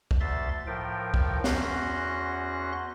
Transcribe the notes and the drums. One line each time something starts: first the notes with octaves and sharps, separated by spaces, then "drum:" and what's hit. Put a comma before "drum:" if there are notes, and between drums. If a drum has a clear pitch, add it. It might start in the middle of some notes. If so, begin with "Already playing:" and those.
drum: kick
D2 E5 C6 A6
A2 F3 A#4 G5
drum: kick
E2 C#4 F#4 C6 F#6 A#6, drum: snare